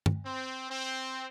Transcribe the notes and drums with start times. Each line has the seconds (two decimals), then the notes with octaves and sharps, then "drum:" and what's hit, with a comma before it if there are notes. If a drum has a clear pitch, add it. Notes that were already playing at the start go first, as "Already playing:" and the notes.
0.06 drum: tom G2
0.25 C4
0.70 C4